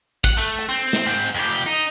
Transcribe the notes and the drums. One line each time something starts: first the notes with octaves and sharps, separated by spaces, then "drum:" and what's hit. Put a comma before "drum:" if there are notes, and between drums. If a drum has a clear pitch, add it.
F#5, drum: kick, open hi-hat
A3
drum: hi-hat
C4
drum: snare
G#2 C4
F2 G4
D#4